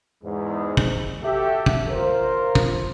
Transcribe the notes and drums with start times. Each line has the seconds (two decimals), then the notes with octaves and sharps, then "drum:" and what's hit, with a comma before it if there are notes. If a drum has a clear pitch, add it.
0.24 E2 G#2
0.77 drum: kick
1.23 F#4 G4 A4 E5
1.66 drum: kick
1.89 F4 A#4 C5
2.55 drum: kick